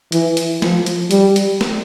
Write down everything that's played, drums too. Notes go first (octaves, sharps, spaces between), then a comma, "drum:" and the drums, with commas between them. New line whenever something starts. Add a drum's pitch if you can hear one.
E3, drum: hi-hat
drum: hi-hat
F3, drum: snare
drum: hi-hat
G3, drum: hi-hat
drum: hi-hat
drum: snare